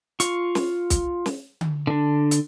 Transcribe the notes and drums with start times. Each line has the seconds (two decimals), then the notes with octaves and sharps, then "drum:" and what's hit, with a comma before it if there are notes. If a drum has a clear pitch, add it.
0.20 F4 C#6, drum: hi-hat
0.55 drum: snare
0.90 drum: kick, hi-hat
1.26 drum: snare
1.61 drum: tom D3
1.87 D3 D4
2.31 drum: hi-hat